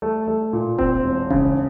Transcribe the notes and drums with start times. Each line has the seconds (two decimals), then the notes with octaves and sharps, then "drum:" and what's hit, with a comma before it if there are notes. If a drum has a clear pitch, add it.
0.02 A3
0.28 A3
0.53 A#2
0.78 C4, drum: kick D#1
1.04 E1
1.30 C#3, drum: kick D#1